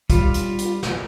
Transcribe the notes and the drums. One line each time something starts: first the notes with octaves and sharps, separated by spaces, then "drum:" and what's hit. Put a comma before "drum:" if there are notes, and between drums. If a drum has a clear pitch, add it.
G3 F4, drum: kick, hi-hat
drum: hi-hat
drum: hi-hat
drum: snare